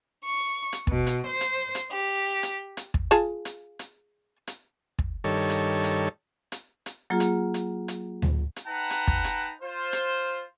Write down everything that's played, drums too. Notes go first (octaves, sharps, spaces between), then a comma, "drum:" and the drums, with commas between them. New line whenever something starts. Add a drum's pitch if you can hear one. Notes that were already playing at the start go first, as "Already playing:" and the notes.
C#6
drum: hi-hat
B2, drum: kick
drum: hi-hat
C5
drum: hi-hat
drum: hi-hat
G4
drum: hi-hat
drum: hi-hat
drum: kick
F4 G#4 A5, drum: hi-hat
drum: hi-hat
drum: hi-hat
drum: hi-hat
drum: kick
G2 D#3 A4 C#5
drum: hi-hat
drum: hi-hat
drum: hi-hat
drum: hi-hat
F#3 A#3 F4 G#4
drum: hi-hat
drum: hi-hat
drum: hi-hat
drum: tom D2
drum: hi-hat
D#4 B4 F#5 G5 A5 A#5
drum: hi-hat
drum: kick
drum: hi-hat
F4 C5
drum: hi-hat